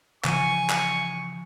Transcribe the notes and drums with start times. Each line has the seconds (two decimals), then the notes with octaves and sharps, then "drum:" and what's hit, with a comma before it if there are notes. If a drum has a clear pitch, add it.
0.25 C#3 E3 F3 G#5 C#6, drum: clap
0.70 drum: clap